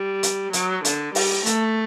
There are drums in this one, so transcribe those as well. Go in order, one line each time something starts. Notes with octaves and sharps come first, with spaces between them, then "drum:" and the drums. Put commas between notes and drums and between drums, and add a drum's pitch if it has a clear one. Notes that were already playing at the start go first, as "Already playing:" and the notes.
Already playing: G3
drum: hi-hat
F#3, drum: hi-hat
D3, drum: hi-hat
G3, drum: open hi-hat
A3, drum: hi-hat